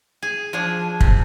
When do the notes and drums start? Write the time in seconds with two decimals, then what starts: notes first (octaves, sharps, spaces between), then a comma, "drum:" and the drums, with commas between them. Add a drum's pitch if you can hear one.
0.23 G#4
0.53 F3 D4 G#4
1.00 C3, drum: kick